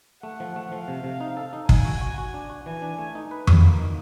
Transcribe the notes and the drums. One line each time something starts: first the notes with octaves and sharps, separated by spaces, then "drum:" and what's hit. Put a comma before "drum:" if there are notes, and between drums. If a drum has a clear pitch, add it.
A3 F#5
F3
A3
F3 F5
C3
C3
D#4
A4
D#4
D#4 G#5, drum: kick
F#4
F#4
F#4
D4
F#4
E3 G#5
D4
A3
D#4
B4
F#4, drum: tom F2
A#3
D#4